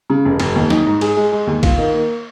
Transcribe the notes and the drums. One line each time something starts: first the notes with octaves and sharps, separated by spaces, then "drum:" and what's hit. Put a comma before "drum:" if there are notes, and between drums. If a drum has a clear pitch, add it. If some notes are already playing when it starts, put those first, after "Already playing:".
C#3
F1
F1, drum: cymbal
D#2
D#4, drum: snare
G#2
G#4, drum: cymbal
G#3
G#3
D#2
F4, drum: kick B1, cymbal
D#3
A#3